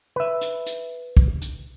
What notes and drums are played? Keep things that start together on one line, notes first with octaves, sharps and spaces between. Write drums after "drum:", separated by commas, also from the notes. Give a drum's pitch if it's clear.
B4 E5
drum: hi-hat
drum: hi-hat
drum: kick
drum: hi-hat